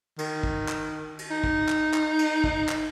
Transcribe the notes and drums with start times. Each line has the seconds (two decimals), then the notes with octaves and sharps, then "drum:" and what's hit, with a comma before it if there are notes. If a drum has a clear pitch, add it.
0.18 D#3, drum: cymbal
0.43 drum: kick
0.68 drum: clap
1.19 drum: cymbal
1.31 D#4
1.44 drum: kick
1.69 drum: clap
1.94 drum: clap
2.19 drum: cymbal
2.44 drum: kick
2.69 drum: clap